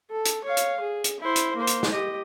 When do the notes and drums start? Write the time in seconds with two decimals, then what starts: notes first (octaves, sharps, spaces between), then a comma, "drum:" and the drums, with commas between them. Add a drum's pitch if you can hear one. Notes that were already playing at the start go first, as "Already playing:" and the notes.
0.11 A4
0.25 drum: hi-hat
0.44 C#5 F5
0.57 drum: hi-hat
0.80 G#4
1.04 drum: hi-hat
1.20 E4 C5
1.36 drum: hi-hat
1.56 A#3 C5
1.67 drum: hi-hat
1.83 drum: snare
1.93 G4 D#5